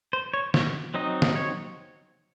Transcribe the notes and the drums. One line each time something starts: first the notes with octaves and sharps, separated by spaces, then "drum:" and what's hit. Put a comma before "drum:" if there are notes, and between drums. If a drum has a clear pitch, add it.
C5
C#5
C#5, drum: snare
F#3 C4 D#4 D#5
drum: snare
C#5